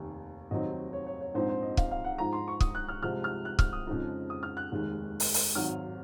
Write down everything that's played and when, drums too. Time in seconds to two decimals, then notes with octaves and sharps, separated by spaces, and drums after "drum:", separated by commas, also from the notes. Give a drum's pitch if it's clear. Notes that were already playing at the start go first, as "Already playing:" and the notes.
Already playing: F1 D#2 D#3
0.51 F1 D#2 D#3 F#3 C4 D#5
0.93 C#5
1.07 C#5
1.21 C#5
1.34 A#1 G#2 F3 C4 D#4 C5
1.49 C5
1.62 D#5
1.77 F5, drum: kick
1.91 F5
2.04 F#5
2.18 G#2 F3 G#3 A#5
2.33 C6
2.48 C#6
2.60 D#6, drum: kick
2.75 F#6
2.89 F6
3.03 C2 C3 F3 G#3 F6
3.24 F6
3.45 F#6
3.59 F6, drum: kick
3.73 D#6
3.87 F2 C#3 F3 G#3 D#4
4.30 D#6
4.43 F6
4.57 F#6
4.72 F1 D#2 D#3 G#3
5.20 drum: open hi-hat
5.34 drum: open hi-hat
5.55 G#1 G#2 F#3 C4 F6